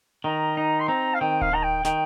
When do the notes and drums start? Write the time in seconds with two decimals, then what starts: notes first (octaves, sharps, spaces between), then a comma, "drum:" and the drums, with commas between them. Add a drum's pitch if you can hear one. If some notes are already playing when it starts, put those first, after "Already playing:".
0.24 D#3 A#5
0.57 D#4 A#5
0.80 C6
0.88 C4 A#5
1.14 F5
1.20 D#3 G5
1.41 F5, drum: kick D1
1.53 D#3 A#5
1.63 G5
1.85 D#3 G5, drum: snare